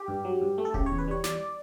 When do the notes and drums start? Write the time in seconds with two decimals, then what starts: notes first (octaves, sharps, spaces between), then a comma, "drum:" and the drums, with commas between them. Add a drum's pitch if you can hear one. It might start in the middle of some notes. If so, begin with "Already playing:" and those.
Already playing: G4
0.08 G2
0.25 F#3
0.41 G2
0.58 A3
0.65 A4
0.74 C#3 G4, drum: kick D#1
0.86 E2 C#5
0.98 B4
1.08 G3 C#5
1.24 E2 D5, drum: snare